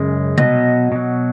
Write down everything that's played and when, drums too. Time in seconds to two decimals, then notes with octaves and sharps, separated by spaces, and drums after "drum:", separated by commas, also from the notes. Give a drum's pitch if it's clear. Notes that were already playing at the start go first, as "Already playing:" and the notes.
Already playing: F#2 C#3 G#3
0.38 B2 F#3 D#5, drum: tom C3
0.92 B2 F#3